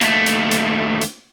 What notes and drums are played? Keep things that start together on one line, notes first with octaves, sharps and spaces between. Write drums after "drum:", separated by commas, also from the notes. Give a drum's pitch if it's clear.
D#2 A3, drum: hi-hat
drum: hi-hat
drum: hi-hat
drum: hi-hat